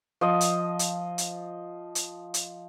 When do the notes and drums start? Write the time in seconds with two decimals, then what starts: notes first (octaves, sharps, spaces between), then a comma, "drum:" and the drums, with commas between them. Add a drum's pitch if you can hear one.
0.21 F3 D#5
0.41 drum: hi-hat
0.79 drum: hi-hat
1.18 drum: hi-hat
1.95 drum: hi-hat
2.34 drum: hi-hat